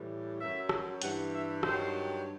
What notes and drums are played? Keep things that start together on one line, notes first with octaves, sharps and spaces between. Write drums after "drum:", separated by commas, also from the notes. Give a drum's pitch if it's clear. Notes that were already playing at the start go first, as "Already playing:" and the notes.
Already playing: A2 E3 G3
F#2 F#3 E5
drum: rim click
G2 E3 G3 F#5, drum: hi-hat
E5
G2 D#3 F#3 C5, drum: rim click